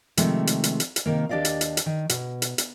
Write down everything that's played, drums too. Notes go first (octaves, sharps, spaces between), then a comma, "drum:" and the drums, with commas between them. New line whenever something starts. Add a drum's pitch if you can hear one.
C3 D#3 F3 G#3 A3, drum: hi-hat
drum: hi-hat
drum: hi-hat
drum: hi-hat
drum: hi-hat
C3 D#3 A#3
D#2 D4 G4 D5 D#5 F5
drum: hi-hat
drum: hi-hat
drum: hi-hat
D#3
B2, drum: hi-hat
drum: hi-hat
drum: hi-hat